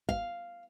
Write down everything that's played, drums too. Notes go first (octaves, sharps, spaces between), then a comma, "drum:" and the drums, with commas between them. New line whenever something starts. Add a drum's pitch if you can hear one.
F5, drum: kick F#1